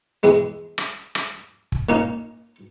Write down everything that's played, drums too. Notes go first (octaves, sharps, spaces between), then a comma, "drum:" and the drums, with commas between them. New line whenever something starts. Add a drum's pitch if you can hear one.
E2 G#3, drum: hi-hat
drum: rim click
drum: rim click
drum: kick
A#2 A#3 C#4 D#4